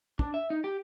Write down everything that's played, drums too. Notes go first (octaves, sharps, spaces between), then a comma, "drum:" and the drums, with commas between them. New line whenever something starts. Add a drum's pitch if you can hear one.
D4, drum: kick
E5
D#4
G4